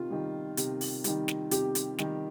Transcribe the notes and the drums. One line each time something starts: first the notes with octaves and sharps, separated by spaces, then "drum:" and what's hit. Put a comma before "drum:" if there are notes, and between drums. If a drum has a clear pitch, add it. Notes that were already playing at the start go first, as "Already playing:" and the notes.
Already playing: C3 D#3 F4
D#3 G3
C3, drum: hi-hat
drum: open hi-hat
D#3 G3, drum: hi-hat
drum: snare
C3 G4, drum: hi-hat
drum: hi-hat
D#3 G3, drum: snare